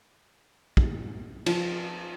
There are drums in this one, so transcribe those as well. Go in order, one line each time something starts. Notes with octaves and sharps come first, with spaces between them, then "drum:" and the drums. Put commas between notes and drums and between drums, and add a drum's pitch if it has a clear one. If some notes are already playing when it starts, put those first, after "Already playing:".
drum: kick
F3, drum: cymbal